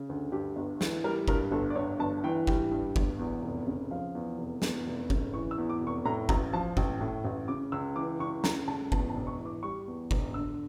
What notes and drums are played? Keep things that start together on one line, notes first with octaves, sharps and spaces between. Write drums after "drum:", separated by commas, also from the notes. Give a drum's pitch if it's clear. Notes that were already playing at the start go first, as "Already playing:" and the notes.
Already playing: C#3
D2
G2 G4
G1
E3, drum: snare
G3 A#4
G2 A#4, drum: kick F#1
G1 A4
D5
G2 C#5
G1 A5
E3 G5
G3 G5, drum: kick F#1
G2
G1, drum: kick F#1
E2
F1
C#3
F3 F5
E2
F1
E2, drum: snare
F1
C#3, drum: kick F#1
E3 C#6
E6
E2
D6
F1
C#6
A2 A#5
A1 A#5, drum: kick F#1
F3 A5
A1 G5, drum: kick F#1
A2
A1
C#3 D6
C#2 E6
E3 D6
C#2 C#6
C#3 A#5, drum: snare
C#2 A5
E2 A5, drum: kick F#1
A5
E1
C#6
E3
D6
G3 C#6
E2
E1, drum: kick F#1
D3 E6